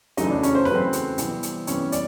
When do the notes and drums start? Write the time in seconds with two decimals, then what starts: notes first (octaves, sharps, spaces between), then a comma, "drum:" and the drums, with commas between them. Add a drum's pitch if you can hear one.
0.17 E2 C#3 F#3 A3 D#4 D#5, drum: hi-hat
0.30 D4 D5
0.43 C#4 C#5, drum: hi-hat
0.55 C5
0.65 E2 C#3 F#3 A3 B4, drum: snare E4
0.75 C4 C5
0.93 drum: hi-hat
1.18 C3 E3 G3 B3, drum: hi-hat
1.43 drum: hi-hat
1.67 C3 E3 G3 B3 C#4 C#5, drum: hi-hat
1.92 D5, drum: hi-hat